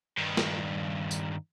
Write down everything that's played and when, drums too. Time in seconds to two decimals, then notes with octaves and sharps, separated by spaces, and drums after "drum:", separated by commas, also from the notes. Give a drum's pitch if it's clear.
0.17 G2 D#3
0.37 drum: snare
1.11 drum: tambourine